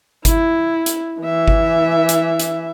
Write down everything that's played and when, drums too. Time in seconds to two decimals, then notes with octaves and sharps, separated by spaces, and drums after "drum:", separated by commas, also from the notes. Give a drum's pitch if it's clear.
0.25 E4, drum: kick G1, hi-hat
0.86 drum: hi-hat
1.21 E3 E5
1.48 drum: kick G1
2.09 drum: hi-hat
2.40 drum: hi-hat